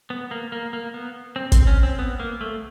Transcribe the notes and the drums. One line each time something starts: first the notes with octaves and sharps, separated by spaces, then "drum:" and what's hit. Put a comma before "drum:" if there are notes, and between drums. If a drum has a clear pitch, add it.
B3
A#3
A#3
A#3
B3
C4
C4, drum: kick, hi-hat
C#4
C4
B3
A#3
A3